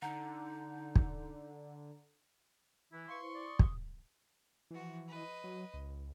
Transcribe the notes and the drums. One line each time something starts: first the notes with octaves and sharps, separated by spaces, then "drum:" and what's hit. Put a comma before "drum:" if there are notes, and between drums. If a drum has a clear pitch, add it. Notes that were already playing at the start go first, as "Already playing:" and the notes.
D3 D#4 F#5 A#5
drum: kick
E3 E4
B4 F5 C6 C#6
E4 C5
D5
D#6
drum: kick
E3 F3 F#4
B4 D#5
F#3
C#2